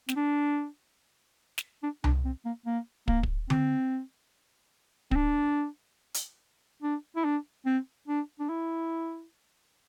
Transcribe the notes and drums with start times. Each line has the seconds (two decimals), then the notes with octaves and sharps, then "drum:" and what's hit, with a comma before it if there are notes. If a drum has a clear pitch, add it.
0.09 C4, drum: snare
0.16 D4
1.58 drum: snare
1.83 D4
2.04 D4, drum: tom C2
2.25 C4
2.45 A#3
2.66 A#3
3.08 A#3, drum: kick
3.23 drum: kick
3.50 C4, drum: tom D3
5.11 C4, drum: kick
5.16 D4
6.14 drum: hi-hat
6.83 D4
7.16 E4
7.24 D4
7.66 C4
8.08 D4
8.40 D4
8.49 E4